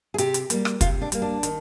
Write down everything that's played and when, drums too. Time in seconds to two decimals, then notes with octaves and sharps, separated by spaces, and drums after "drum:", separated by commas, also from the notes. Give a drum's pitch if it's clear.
0.14 G#4
0.18 C3 G4, drum: hi-hat
0.34 drum: hi-hat
0.50 G3 A#3, drum: hi-hat
0.65 drum: rim click
0.81 C3 F4, drum: kick, hi-hat
1.01 D4
1.12 G3 A#3, drum: hi-hat
1.22 D4
1.43 D#3, drum: hi-hat